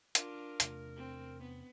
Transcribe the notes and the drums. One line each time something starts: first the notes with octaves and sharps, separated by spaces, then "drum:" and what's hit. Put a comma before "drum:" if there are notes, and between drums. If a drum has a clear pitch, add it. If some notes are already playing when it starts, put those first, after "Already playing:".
D4 F4 A#4, drum: hi-hat
E2 C3 A3, drum: hi-hat
C4
B3